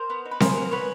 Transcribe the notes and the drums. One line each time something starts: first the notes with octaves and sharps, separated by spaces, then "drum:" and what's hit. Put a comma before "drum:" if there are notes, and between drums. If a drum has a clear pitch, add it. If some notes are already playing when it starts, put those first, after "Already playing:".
Already playing: A#4 C5
B3
D#4
B4
G#4 A#4 C5, drum: snare C4
B3
B3 B4 C#5